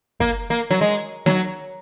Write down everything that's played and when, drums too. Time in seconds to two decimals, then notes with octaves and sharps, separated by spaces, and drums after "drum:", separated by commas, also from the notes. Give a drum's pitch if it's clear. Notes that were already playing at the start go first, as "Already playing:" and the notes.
0.20 A#3, drum: kick
0.50 A#3
0.71 F#3
0.81 G#3
1.26 F#3, drum: snare